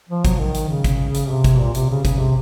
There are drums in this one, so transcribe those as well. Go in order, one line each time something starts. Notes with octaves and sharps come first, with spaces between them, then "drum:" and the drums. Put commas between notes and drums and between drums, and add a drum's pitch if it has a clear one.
F3
F#3, drum: kick, hi-hat
D#3
drum: hi-hat
C#3
drum: kick, hi-hat
drum: hi-hat
C3
drum: kick, hi-hat
A#2
C3, drum: hi-hat
C#3
C#3, drum: kick, hi-hat
C3